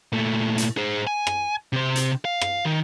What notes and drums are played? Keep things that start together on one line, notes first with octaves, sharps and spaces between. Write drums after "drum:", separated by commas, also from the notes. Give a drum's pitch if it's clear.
A#2 A3
drum: hi-hat
G#4 C5
G#5
drum: rim click
C3 C5
drum: hi-hat
F5
drum: rim click
D#3